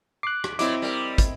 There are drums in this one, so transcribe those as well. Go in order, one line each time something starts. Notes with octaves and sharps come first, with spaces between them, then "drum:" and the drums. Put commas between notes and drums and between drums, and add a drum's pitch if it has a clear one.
D6 F#6 C7
drum: rim click
A#2 F#3 C4 E4 D#5 D6, drum: hi-hat
G3 A#4
drum: kick, hi-hat